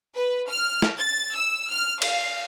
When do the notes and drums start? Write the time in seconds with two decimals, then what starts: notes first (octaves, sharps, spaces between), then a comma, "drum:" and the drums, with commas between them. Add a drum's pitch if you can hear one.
0.15 B4
0.48 F6
0.82 drum: snare
0.99 A6
1.34 E6
1.70 F6
2.02 F5, drum: cymbal